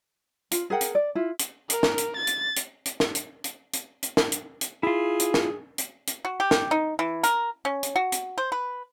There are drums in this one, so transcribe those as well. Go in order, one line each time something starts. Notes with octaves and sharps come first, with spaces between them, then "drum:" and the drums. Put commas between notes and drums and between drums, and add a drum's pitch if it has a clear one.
F4, drum: hi-hat
G#4 A#4 F#5 G5
drum: hi-hat
D5
E4 F4
drum: hi-hat
A#4, drum: hi-hat
drum: snare
drum: hi-hat
A6
drum: hi-hat
drum: hi-hat
drum: hi-hat
drum: snare
drum: hi-hat
drum: hi-hat
drum: hi-hat
drum: hi-hat
drum: snare
drum: hi-hat
drum: hi-hat
E4 F4 G#4
drum: hi-hat
drum: snare
drum: hi-hat
drum: hi-hat
F#4
G4
drum: snare
D#4
E3
A#4, drum: hi-hat
C#4
drum: hi-hat
F#4
drum: hi-hat
C5
B4